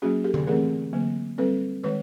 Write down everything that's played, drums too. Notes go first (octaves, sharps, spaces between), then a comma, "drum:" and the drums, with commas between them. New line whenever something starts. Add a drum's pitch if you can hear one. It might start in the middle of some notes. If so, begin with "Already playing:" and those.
F#3 A#3 C#4 F#4 G#4
G4 A4
drum: tom D3
E3 A3 C4 G#4 A#4
D3 F#3 A#3
G3 C4 A4 B4
D#3 G#3 B4 C#5